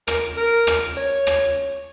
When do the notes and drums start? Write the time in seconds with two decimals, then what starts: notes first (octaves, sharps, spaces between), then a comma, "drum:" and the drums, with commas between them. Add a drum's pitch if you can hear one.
0.07 A#4, drum: rim click
0.37 A#4
0.67 drum: rim click
0.97 C#5
1.27 drum: rim click